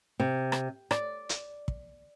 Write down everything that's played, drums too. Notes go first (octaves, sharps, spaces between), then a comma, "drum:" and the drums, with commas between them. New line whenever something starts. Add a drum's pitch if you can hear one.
C3
drum: rim click
D5, drum: rim click
drum: hi-hat
drum: kick